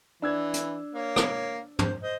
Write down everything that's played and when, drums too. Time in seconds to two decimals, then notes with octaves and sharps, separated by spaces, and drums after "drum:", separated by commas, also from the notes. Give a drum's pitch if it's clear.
0.22 E3 D4 E6 G#6
0.54 drum: hi-hat
0.94 A#3 C#5
1.16 drum: rim click
1.79 C5, drum: tom
2.03 C5 D#5